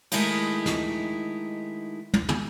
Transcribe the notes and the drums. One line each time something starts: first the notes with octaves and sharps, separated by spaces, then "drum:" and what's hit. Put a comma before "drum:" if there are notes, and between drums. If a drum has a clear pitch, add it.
D#3 G#3 A3 D#4 E4 G4, drum: cymbal
drum: snare
drum: tom
drum: tom